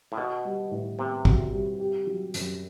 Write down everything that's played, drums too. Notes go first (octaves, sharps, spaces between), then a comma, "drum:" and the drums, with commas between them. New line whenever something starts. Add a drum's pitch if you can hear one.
A2
B2 F#4
G3
A2
C3 B3
F#4, drum: kick
G3
G4
F#3
F#2, drum: hi-hat